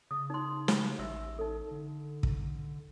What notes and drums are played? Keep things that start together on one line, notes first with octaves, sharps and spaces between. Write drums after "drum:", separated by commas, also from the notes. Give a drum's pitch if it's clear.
C#3 D#6
D#4 C6
drum: snare
A1 G4 E5 E6
D#4 A4
D3
drum: kick